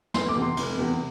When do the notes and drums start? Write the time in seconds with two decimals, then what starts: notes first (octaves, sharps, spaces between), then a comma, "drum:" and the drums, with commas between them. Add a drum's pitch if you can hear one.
0.14 F1 C6, drum: snare
0.28 D6
0.36 E2 C3
0.42 C6
0.57 F1, drum: cymbal
0.77 E2 C3